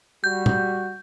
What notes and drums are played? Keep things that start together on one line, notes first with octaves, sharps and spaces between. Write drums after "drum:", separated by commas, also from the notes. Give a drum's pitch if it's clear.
G3 F#4 G6
drum: tom